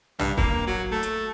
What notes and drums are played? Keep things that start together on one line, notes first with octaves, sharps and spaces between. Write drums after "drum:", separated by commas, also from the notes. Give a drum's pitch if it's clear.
G2, drum: tom A#1
A#3, drum: kick
F#3
A3
drum: hi-hat